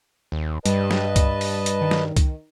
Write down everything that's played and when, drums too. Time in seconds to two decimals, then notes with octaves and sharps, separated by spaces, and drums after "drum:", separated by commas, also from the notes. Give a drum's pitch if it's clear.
0.32 D#2
0.66 G2 G3 B4 D#5 A5, drum: hi-hat
0.91 drum: snare
1.16 drum: kick C2, hi-hat
1.41 drum: open hi-hat
1.66 drum: hi-hat
1.81 D#3
1.91 drum: snare
2.17 drum: kick C2, hi-hat